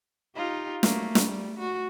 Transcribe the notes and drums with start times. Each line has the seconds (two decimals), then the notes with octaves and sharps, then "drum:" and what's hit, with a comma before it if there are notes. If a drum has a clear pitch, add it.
0.35 D#4 F4 G4
0.83 F#3 A3 A#3, drum: snare
1.15 G3, drum: snare
1.58 F#4